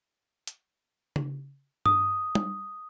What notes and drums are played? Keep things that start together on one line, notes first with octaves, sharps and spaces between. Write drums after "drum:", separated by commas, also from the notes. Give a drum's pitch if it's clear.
drum: hi-hat
drum: tom C#3
D#6, drum: tom G2
drum: tom G3